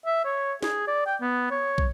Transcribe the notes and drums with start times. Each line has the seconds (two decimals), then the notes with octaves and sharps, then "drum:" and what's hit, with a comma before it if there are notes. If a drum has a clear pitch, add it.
0.06 E5
0.25 C#5
0.62 G#4, drum: snare
0.87 D5
1.06 G5
1.21 B3
1.51 C#5
1.78 drum: kick